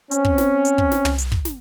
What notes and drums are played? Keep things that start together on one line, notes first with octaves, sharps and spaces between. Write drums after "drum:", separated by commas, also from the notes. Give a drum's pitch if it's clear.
C4 C#4, drum: hi-hat
drum: kick
drum: snare
drum: hi-hat
drum: kick
drum: snare
drum: tom
drum: hi-hat
drum: kick
drum: snare